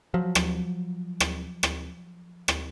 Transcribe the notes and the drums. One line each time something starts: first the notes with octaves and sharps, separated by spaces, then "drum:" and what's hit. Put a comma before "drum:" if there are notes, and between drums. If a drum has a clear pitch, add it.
F3 F#3
drum: rim click
drum: rim click
drum: rim click
drum: rim click